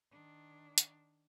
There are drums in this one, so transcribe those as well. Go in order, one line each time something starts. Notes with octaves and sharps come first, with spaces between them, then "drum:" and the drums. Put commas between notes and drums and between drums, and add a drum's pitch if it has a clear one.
D#3 D4
drum: hi-hat